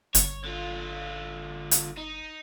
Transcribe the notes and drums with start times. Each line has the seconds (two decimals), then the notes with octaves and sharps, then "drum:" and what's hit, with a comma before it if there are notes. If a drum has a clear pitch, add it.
0.15 G1 C#5, drum: hi-hat
0.45 D3 F4
1.71 drum: hi-hat
1.97 D#4